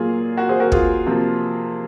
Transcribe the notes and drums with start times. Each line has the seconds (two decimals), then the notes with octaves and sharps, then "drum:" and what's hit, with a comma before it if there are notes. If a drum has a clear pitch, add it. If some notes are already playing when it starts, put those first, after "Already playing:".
Already playing: A#2 F#3 A#3 F4 G#4
0.37 F#4 A#4
0.49 G#4 C5
0.60 F#4 A#4
0.72 F4 G#4, drum: kick
1.06 C3 F3 A#3